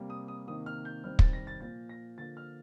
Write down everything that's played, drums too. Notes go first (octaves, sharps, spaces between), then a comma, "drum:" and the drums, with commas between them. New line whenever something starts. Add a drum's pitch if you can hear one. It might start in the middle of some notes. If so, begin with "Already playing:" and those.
Already playing: C3 G3 A#3
D#6
D#6
C3 D#3 A#3 D#6
F6
G6
C3 D#3 G3 C4 F6
A6, drum: kick
A#6
A6
A#2 F3 A#3 A6
A#6
D3 F3 A#3 A6
F6